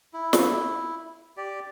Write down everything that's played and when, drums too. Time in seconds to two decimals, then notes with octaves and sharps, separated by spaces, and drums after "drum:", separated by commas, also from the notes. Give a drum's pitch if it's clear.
0.14 E4
0.33 drum: snare
1.37 G4 D5